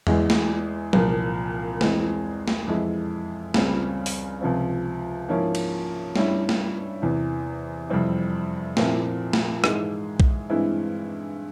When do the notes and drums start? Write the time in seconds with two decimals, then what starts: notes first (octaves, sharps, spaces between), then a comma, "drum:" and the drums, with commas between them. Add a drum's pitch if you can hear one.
0.07 E2 E3 G#3 E4, drum: tom E2
0.30 drum: snare
0.93 C2 A#2 F3 A#3, drum: tom F#3
1.81 E2 E3 G#3 C4, drum: snare
2.48 drum: snare
2.68 F2 E3 G#3 E4
3.54 C#2 C#3 G3 C4, drum: snare
4.06 drum: open hi-hat
4.41 C#2 C3 F3 C4
5.28 G#2 F3 A#3 C#4 E4
5.55 drum: cymbal
6.16 G2 G3 C#4 E4, drum: snare
6.49 drum: snare
7.02 E2 C3 E3
7.90 F2 C3 G3 C4 E4
8.77 A#2 F3 C4 E4, drum: snare
9.33 drum: snare
9.64 G#2 E3 G#3 E4, drum: rim click
10.20 drum: kick
10.50 G2 E3 G#3 C4 E4